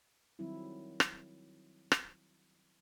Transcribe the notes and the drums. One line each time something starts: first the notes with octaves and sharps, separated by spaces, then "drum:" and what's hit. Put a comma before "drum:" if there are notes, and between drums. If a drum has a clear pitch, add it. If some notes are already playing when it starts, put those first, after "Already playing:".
D#3 F#3 G3 C4 E4
drum: rim click
drum: rim click